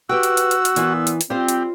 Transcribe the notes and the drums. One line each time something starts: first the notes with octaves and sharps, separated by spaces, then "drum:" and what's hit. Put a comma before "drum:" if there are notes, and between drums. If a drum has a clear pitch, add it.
F#4 G4 B4 G5 E6
drum: hi-hat
drum: hi-hat
drum: hi-hat
drum: hi-hat
A#2 E3 B3 E4, drum: hi-hat
drum: hi-hat
drum: hi-hat
G3 C4 F4 G4 C5
drum: hi-hat